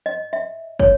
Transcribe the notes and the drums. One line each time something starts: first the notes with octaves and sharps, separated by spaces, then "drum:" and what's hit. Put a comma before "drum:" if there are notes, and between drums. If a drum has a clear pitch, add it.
D#5
E5
C#5, drum: kick